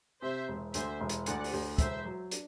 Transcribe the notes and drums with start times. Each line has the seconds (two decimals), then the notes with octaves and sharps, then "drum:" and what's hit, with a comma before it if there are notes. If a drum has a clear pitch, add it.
0.22 C3 C5 E5
0.48 E1
0.74 D2 C5 E5, drum: hi-hat
1.00 E1
1.09 drum: hi-hat
1.26 D2 D5 F#5, drum: hi-hat
1.44 drum: open hi-hat
1.53 D2
1.78 E1 C5 E5, drum: kick, hi-hat
2.05 F#3
2.32 D4, drum: hi-hat